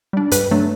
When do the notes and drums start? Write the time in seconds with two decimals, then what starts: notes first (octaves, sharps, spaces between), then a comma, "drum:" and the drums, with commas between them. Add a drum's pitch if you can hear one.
0.13 G3 D4
0.31 G2 B4, drum: hi-hat
0.51 F#3 A3 D4